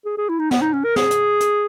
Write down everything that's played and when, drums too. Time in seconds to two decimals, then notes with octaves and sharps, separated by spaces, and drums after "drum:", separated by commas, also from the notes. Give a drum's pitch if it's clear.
0.06 G#4
0.18 G#4
0.29 E4
0.39 D#4
0.51 B3, drum: snare
0.62 D#4
0.73 C#4
0.84 A#4
0.96 G#4, drum: snare
1.11 drum: hi-hat
1.40 drum: hi-hat